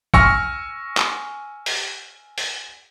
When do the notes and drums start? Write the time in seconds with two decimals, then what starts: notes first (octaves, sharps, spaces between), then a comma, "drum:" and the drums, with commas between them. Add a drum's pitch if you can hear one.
0.14 G#5 C#6 E6 F6 A#6 C#7, drum: kick
0.97 drum: clap
1.66 drum: open hi-hat
2.38 drum: open hi-hat